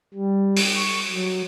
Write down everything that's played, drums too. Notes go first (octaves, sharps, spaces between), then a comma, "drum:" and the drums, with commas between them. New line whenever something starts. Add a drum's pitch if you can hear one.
G3
drum: open hi-hat
C#6
F#3